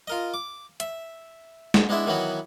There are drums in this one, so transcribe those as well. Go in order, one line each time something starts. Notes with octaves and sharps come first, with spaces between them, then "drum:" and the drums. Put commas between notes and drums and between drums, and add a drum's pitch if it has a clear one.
F4 A#4 D#5
D6
E5, drum: hi-hat
drum: snare
G#3 B3 D4 E4 E5
D#3 E3 F#3 B3 F#4